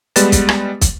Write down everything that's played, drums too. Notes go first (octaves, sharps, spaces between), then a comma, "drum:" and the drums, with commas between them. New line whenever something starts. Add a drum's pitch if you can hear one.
G3 G#3 B3 B4 A6 E7, drum: hi-hat
drum: kick, hi-hat
drum: rim click
drum: kick, hi-hat